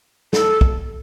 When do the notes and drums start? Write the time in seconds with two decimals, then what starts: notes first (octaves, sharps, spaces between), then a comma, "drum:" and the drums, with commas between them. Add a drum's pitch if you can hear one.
0.33 A4, drum: snare
0.61 drum: kick